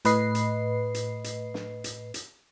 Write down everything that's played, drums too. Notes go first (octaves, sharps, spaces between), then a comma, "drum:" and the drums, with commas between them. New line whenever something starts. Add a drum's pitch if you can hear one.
A2 B4 D#5 C7, drum: hi-hat
drum: hi-hat
drum: hi-hat
drum: hi-hat
drum: snare
drum: hi-hat
drum: hi-hat